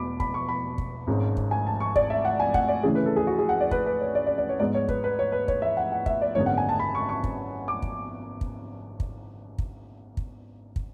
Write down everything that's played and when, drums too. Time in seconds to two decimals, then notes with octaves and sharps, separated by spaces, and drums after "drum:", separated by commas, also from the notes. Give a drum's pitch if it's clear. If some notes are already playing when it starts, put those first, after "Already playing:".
Already playing: E1 E2 B2 B5 D6
0.20 B5, drum: kick
0.34 C#6
0.49 B5
0.78 drum: kick
1.07 G#1 G#2 G#3 C#4
1.37 drum: kick
1.51 G#5
1.67 A5
1.80 C#6
1.96 D5, drum: kick
2.10 E5
2.25 F#5
2.40 G#5
2.54 F#5, drum: kick
2.68 D5
2.83 D2 C#3 E3 A3 C#4 G#4
2.95 B4
3.06 A4
3.16 G#4
3.27 F#4
3.39 G#4
3.49 F#5
3.60 D5
3.71 B4, drum: kick
3.86 B4
4.01 C#5
4.15 D5
4.26 D5
4.38 D5
4.49 C#5
4.59 G#2 G#3 B3 D5
4.74 C#5
4.89 B4, drum: kick
5.04 B4
5.19 C#5
5.32 B4
5.48 C#5, drum: kick
5.62 E5
5.77 F#5
5.92 F#5
6.06 E5, drum: kick
6.21 D5
6.35 G#1 F#2 D3 G#3 B3 C#5
6.46 F#5
6.58 G#5
6.69 A5
6.80 B5
6.95 C#6
7.09 C#6
7.24 drum: kick
7.68 D6
7.82 drum: kick
8.41 drum: kick
9.00 drum: kick
9.58 drum: kick
10.17 drum: kick
10.76 drum: kick